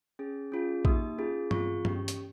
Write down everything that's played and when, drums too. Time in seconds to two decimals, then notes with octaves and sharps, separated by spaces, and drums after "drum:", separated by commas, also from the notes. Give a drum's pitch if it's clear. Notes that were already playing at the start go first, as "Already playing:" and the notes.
0.19 C#4 G#4
0.52 C#4 F4 G#4
0.85 A#3 D#4 G4 D#6, drum: kick
1.18 C#4 F4 G#4
1.51 C4 F4 G#4 C#6, drum: tom G2
1.85 C#4 G4, drum: tom G2
2.08 drum: hi-hat